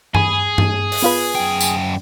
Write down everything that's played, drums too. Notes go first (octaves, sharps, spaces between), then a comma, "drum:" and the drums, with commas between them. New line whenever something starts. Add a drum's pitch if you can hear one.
G#4 G#5 B5, drum: tom G2
drum: tom G2
drum: open hi-hat
B3 F4 B4
F#2 G5
drum: tambourine